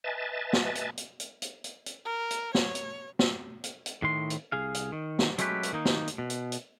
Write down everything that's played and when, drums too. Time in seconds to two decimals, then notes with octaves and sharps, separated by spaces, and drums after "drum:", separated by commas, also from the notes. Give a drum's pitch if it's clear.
0.04 B4 D#5 E5 G#5 A5 A6
0.53 drum: snare
0.75 drum: hi-hat
0.97 drum: hi-hat
1.20 drum: hi-hat
1.42 drum: hi-hat
1.64 drum: hi-hat
1.86 drum: hi-hat
2.05 A#4
2.31 drum: hi-hat
2.55 C#5, drum: snare
2.75 drum: hi-hat
3.19 drum: snare
3.64 drum: hi-hat
3.86 drum: hi-hat
4.02 A2 D#3 C6
4.30 drum: hi-hat
4.52 C2 G#4 F5
4.74 drum: hi-hat
4.92 D#3
5.19 drum: snare
5.38 F#3 G#3 A3 C#4 G4 B4, drum: hi-hat
5.63 drum: hi-hat
5.73 D#3 A#3 D#4
5.85 drum: snare
6.08 drum: hi-hat
6.18 B2
6.30 drum: hi-hat
6.52 drum: hi-hat